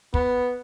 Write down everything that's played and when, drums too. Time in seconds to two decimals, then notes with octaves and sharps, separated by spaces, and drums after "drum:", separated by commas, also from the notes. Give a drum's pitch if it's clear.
0.14 B3, drum: kick